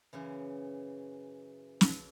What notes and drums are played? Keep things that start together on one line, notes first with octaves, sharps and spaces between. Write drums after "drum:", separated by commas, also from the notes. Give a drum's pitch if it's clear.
F#2 C#3 E3
drum: snare